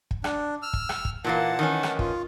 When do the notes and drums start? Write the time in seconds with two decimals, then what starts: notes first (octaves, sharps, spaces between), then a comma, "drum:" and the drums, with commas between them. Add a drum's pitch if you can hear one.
0.11 drum: kick
0.24 D4, drum: rim click
0.62 E6 F6
0.73 drum: kick
0.89 drum: rim click
1.05 drum: kick
1.24 A#2 E3 A#3 F#5 A5
1.59 D#3 E3 C#4
1.83 drum: rim click
1.99 F4, drum: kick